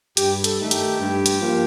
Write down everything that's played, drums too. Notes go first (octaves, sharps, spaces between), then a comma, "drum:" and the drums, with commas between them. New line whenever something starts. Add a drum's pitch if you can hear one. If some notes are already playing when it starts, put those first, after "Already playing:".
G2 G4, drum: hi-hat
A4, drum: hi-hat
D#3 A3 D#4
G4, drum: hi-hat
G2
drum: hi-hat
F3 A#3